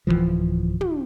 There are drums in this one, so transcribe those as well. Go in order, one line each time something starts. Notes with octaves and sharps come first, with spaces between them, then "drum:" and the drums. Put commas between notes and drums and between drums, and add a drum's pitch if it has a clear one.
D1 F2 E3 F3
drum: tom